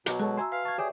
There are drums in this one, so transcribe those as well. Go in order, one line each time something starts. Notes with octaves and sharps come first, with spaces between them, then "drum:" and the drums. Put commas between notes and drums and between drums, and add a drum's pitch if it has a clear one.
B2 F#3 A#5 D6, drum: hi-hat
G#3 F#4 A4 C#5 A5 C#6
E5 G#5 A#5 C6 E6
B4 F5
A5 C#6 G#6
G4 G#4 C#5 D5 E5 G5 D6